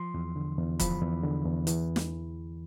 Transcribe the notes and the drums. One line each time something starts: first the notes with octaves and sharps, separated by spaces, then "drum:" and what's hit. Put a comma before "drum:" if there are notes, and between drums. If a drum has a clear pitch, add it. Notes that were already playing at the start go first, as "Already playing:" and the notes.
Already playing: F3 C6
E2
D3
E2
F3 B5, drum: kick, hi-hat
E2
D3
E2
E3, drum: hi-hat
drum: snare